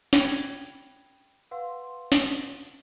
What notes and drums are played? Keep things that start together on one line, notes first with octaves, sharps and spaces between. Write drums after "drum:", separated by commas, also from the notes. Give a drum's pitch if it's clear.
G5 B5 G#6, drum: snare
B4 F5 F#5 C6
drum: snare